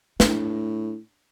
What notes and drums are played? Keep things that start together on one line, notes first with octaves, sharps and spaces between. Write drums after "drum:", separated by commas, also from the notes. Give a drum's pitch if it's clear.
A2 D4, drum: snare